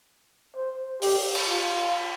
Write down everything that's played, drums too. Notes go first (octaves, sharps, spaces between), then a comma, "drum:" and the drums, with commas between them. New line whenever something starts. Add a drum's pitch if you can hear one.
C5
G4, drum: open hi-hat
drum: cymbal
F4